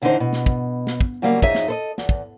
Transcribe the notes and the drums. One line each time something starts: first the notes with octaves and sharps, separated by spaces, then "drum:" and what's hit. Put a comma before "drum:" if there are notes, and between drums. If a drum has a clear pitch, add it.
D#2 D3 E3 C#4 D#4 C5
B2
drum: snare
drum: kick
drum: snare
drum: kick
C#3 F#3 G3 A#3 D#5 F5
F2 D#4 G#4 C#5 E5, drum: kick
drum: snare
A4 C5 D#5
E2, drum: snare
drum: kick